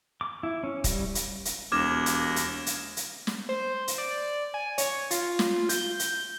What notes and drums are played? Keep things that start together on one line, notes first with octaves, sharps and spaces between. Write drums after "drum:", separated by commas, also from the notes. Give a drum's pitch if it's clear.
D6
E4
C#4
G3, drum: kick, hi-hat
drum: hi-hat
drum: hi-hat
E1 D#2 D6 F6 G#6 A#6 E7
drum: hi-hat
drum: hi-hat
drum: hi-hat
drum: hi-hat
drum: snare
C5
drum: hi-hat
D5
G#5
C#5, drum: hi-hat
F4, drum: hi-hat
drum: snare
G6, drum: hi-hat
drum: hi-hat